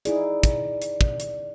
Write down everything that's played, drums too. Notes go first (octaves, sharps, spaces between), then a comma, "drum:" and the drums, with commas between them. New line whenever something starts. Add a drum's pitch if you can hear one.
D#4 E4 G#4 D5, drum: hi-hat
drum: kick, hi-hat
drum: hi-hat
drum: kick
drum: hi-hat